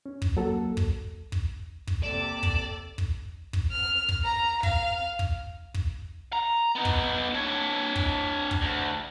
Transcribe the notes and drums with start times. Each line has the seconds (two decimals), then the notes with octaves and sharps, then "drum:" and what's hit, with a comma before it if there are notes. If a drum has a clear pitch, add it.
0.06 C#4
0.22 drum: kick
0.37 F#3 A#3 A4
0.77 drum: kick
1.32 drum: kick
1.87 drum: kick
2.04 C3 A#3 A4 D5 E7
2.43 drum: kick
2.98 drum: kick
3.53 drum: kick
3.72 F6
4.09 drum: kick
4.24 A#5
4.63 F5, drum: kick
5.19 drum: kick
5.74 drum: kick
6.33 A#5
6.76 B3 D#4
6.85 drum: kick
7.35 D4 C#5
7.96 drum: kick
8.51 drum: kick
8.61 D2